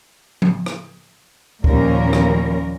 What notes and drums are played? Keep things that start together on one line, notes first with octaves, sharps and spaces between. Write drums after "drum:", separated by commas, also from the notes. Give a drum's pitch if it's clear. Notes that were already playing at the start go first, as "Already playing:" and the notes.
drum: tom F3
drum: rim click
D#2 A#2 F3 A#3 C#4 A#4, drum: kick
drum: rim click